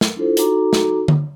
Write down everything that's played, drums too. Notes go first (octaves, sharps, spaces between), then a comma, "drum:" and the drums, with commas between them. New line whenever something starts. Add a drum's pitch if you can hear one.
drum: snare
D4 E4 F4 A4 C5
D#4 F#4 A4 A#5 D6, drum: hi-hat
drum: snare
drum: tom D3